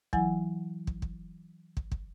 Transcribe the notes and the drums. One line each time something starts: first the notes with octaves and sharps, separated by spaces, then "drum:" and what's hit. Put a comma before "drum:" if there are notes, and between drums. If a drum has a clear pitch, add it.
E3 F#3 E4 F#5 G#5, drum: kick
drum: kick
drum: kick
drum: kick
drum: kick